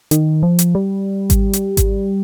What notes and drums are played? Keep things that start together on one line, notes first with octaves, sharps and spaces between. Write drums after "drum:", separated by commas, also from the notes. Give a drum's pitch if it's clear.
D#3, drum: hi-hat
F3
drum: hi-hat
G3
drum: kick G#1, hi-hat
drum: hi-hat
drum: kick G#1, hi-hat